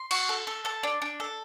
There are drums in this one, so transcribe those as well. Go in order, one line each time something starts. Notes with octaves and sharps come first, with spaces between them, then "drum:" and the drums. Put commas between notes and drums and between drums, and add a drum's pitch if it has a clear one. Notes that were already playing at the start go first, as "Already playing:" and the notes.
Already playing: C6
F#4, drum: cymbal
A4
A4
A4 A5
D4
D4
A4